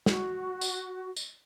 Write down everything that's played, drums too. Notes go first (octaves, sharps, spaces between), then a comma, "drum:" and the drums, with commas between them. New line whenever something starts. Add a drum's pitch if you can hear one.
F#4, drum: snare
drum: tambourine
drum: tambourine